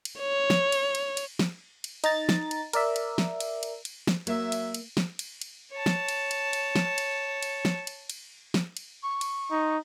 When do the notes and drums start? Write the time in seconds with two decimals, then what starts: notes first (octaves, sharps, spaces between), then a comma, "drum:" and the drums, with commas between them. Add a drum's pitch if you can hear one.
0.05 drum: cymbal
0.20 C#5
0.50 drum: snare
0.72 drum: cymbal
0.95 drum: cymbal
1.17 drum: cymbal
1.39 drum: snare
1.84 drum: cymbal
2.04 D#4 A#5 A6, drum: cymbal
2.29 drum: snare
2.51 drum: cymbal
2.73 A#4 D5 E5, drum: cymbal
2.96 drum: cymbal
3.18 drum: snare
3.40 drum: cymbal
3.63 drum: cymbal
3.85 drum: cymbal
4.07 drum: snare
4.27 F#3 A#3 E5, drum: cymbal
4.52 drum: cymbal
4.74 drum: cymbal
4.97 drum: snare
5.19 drum: cymbal
5.41 drum: cymbal
5.72 C#5 A5
5.86 drum: snare
6.08 drum: cymbal
6.31 drum: cymbal
6.53 drum: cymbal
6.76 drum: snare
6.98 drum: cymbal
7.43 drum: cymbal
7.65 drum: snare
7.87 drum: cymbal
8.10 drum: cymbal
8.54 drum: snare
8.77 drum: cymbal
9.03 C#6
9.21 drum: cymbal
9.51 D#4